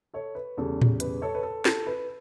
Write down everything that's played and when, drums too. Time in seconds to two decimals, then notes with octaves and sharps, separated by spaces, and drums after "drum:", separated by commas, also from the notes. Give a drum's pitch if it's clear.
0.14 A4 C#5
0.35 B4
0.57 E2 C#3 G3 A4
0.82 drum: tom A2
1.00 B4, drum: hi-hat
1.22 A4 C#5
1.35 B4
1.43 A4
1.65 A4, drum: snare
1.87 B4